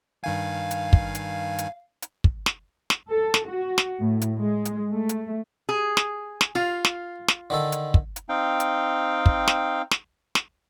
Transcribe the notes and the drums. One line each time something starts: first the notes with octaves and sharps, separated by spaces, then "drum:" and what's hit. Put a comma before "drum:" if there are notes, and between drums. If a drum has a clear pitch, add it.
G2 D#3 F5 G#5
drum: hi-hat
drum: kick
drum: hi-hat
drum: hi-hat
drum: hi-hat
drum: kick
drum: snare
drum: snare
A4
drum: snare
F#4
drum: snare
A2
drum: hi-hat
G#3
drum: hi-hat
A3
drum: hi-hat
G#4
drum: snare
drum: snare
F4 F5
drum: snare
drum: snare
D3 D#3 A4
drum: hi-hat
drum: kick
drum: hi-hat
C4 D#4 F5 G5
drum: hi-hat
drum: kick
drum: snare
drum: snare
drum: snare